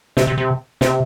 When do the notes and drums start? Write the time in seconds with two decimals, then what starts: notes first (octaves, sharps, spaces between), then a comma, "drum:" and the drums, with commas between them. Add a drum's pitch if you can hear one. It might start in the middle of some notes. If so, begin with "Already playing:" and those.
0.17 C3, drum: snare
0.27 C3
0.38 C3
0.81 C3, drum: snare